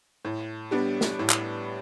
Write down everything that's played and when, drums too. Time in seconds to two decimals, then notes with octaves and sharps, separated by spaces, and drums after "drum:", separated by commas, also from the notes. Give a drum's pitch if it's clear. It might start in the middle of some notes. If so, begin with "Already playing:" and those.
0.25 A2
0.71 G3 B3 D4
1.01 drum: snare
1.19 A2
1.30 drum: clap